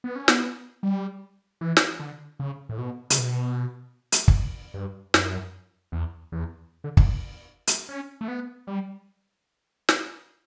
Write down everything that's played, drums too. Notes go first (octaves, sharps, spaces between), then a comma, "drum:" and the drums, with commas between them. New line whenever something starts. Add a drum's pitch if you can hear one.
B3
C#4
B3, drum: snare
G3
E3
drum: snare
D3
C#3
A2
B2
C#3, drum: hi-hat
B2
drum: hi-hat
drum: kick
G2
F#2, drum: snare
E2
E2
D3
D3, drum: kick
drum: hi-hat
C#4
A3
B3
G3
drum: snare